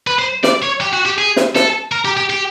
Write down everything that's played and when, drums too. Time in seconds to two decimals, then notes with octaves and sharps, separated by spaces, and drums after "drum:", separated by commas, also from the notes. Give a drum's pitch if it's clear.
0.07 B4
0.19 C5
0.43 D5, drum: snare
0.62 C#5
0.81 G4
0.93 F#4
1.05 G4
1.18 G#4
1.36 drum: snare
1.55 A4, drum: snare
1.92 A#4
2.05 G4
2.17 G4
2.30 G4